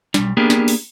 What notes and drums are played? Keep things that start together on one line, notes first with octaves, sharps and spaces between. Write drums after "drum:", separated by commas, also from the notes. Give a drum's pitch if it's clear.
B1 G3, drum: snare
A#3 B3 D4 G4 G#4 A#4
drum: snare
drum: open hi-hat